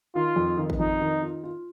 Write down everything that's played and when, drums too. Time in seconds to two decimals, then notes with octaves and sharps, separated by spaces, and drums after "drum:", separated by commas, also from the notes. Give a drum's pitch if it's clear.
0.15 D#3 F4
0.36 F2
0.57 D#3
0.70 drum: kick G#1
0.79 F2 D#4
1.01 D#3
1.23 F4
1.44 F4